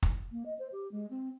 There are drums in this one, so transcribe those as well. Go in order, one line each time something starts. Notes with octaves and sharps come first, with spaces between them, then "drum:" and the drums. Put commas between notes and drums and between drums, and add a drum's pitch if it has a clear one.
drum: kick
A#3
D#5
C5
G4
G#3
C4